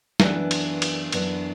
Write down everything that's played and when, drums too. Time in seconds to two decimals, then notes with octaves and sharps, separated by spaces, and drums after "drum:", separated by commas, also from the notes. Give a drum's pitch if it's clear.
0.20 F#2 E3 B3 D4, drum: snare
0.51 drum: cymbal
0.82 drum: cymbal
1.12 F#2 E3 B3 D4, drum: cymbal